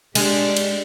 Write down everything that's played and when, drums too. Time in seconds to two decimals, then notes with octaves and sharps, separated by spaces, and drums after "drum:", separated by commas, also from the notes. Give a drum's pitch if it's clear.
0.15 G#3 D4 G4, drum: cymbal
0.57 drum: cymbal